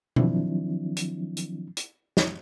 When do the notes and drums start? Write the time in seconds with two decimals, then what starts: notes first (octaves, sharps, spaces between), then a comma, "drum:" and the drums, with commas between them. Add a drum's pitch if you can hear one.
0.16 D#3 F3 F#3 C4 D4 E4, drum: tom B2
0.97 drum: hi-hat
1.37 drum: hi-hat
1.77 drum: hi-hat
2.17 drum: snare